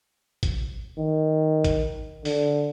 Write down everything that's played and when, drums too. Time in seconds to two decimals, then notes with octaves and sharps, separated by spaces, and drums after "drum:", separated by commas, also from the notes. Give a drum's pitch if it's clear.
0.43 drum: kick G#1, hi-hat
0.98 D#3
1.64 drum: kick G#1, hi-hat
2.25 D3, drum: open hi-hat